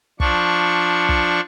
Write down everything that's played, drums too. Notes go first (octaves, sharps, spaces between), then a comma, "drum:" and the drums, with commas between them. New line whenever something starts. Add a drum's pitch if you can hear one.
F3 D4 C#6, drum: kick
drum: kick